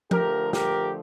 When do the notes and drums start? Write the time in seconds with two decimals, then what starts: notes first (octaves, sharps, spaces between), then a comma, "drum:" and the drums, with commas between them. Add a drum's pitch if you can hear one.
0.11 D3 F3 A3 G4 A#4, drum: tom F3
0.53 G4 A#4, drum: snare